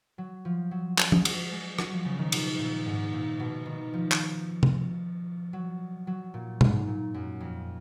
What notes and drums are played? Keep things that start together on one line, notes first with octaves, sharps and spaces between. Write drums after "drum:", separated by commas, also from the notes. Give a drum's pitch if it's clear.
F#3
F3
F#3
F#3, drum: clap
G#3, drum: tom
F#3, drum: cymbal
G#3
F#3, drum: rim click
F3
C#3
D#3
B2, drum: cymbal
A#2
G#2
A#2
B2
D#3
F3
drum: clap
drum: tom
F#3
F#3
A#2
G#2, drum: tom
A#2
F#2
F2